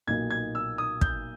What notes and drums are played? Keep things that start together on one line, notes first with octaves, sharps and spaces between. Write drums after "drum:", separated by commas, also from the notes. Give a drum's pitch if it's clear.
B1 A#2 A#3 D#4 G#6
G#6
E6
D#6
G6, drum: kick